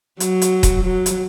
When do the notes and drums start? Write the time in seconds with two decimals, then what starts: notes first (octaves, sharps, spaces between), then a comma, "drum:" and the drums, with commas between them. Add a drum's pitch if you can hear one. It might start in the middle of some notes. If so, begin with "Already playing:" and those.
0.20 F#3, drum: hi-hat
0.42 drum: hi-hat
0.63 drum: kick D#1, hi-hat
0.84 F#3
1.06 drum: hi-hat